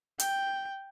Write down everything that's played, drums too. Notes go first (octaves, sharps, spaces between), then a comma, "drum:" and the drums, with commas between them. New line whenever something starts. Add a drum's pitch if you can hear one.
G5, drum: hi-hat